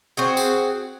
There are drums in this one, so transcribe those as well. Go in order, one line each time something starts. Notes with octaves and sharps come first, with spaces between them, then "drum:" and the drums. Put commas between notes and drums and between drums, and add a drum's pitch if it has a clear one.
C4 F#4 G#4
drum: tambourine